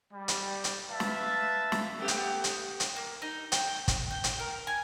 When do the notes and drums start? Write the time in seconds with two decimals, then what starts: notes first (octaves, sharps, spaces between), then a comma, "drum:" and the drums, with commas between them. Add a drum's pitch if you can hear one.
0.13 G3
0.28 drum: hi-hat
0.64 drum: hi-hat
0.90 B4 E5 F5 A5
1.00 drum: snare
1.72 drum: snare
1.99 A3 B3 G4
2.08 drum: hi-hat
2.44 drum: hi-hat
2.80 drum: hi-hat
2.96 A#3
3.22 D#4
3.52 G5, drum: hi-hat
3.88 drum: kick, hi-hat
4.11 G5
4.24 drum: hi-hat
4.39 A#4
4.67 G#5